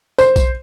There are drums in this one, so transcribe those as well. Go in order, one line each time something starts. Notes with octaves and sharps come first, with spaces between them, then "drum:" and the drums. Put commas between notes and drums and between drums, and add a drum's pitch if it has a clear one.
C5, drum: tambourine
drum: kick B1, tambourine